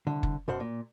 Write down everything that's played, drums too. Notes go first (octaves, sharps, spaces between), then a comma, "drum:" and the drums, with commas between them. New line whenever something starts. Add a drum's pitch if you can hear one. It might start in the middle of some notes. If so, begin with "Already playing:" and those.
C2 D3
drum: kick F#1
F#2 B2 C5 F#5
A#2